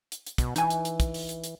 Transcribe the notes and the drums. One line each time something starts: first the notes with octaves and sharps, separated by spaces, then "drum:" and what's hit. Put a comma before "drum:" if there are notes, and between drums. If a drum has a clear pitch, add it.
drum: hi-hat
drum: hi-hat
B2, drum: kick, hi-hat
E3 D#4 G#5, drum: hi-hat
drum: hi-hat
drum: hi-hat
drum: kick, hi-hat
drum: open hi-hat
drum: hi-hat
drum: hi-hat